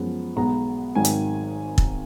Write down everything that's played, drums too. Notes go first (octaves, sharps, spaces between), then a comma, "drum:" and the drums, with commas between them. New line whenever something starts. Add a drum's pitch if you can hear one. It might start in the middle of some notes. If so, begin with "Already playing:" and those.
Already playing: F#2 F3 G#3 B3
B1 B2 G#3 B3 A#5
G#1 G#2 D#3 F#3 G#5
drum: hi-hat
drum: kick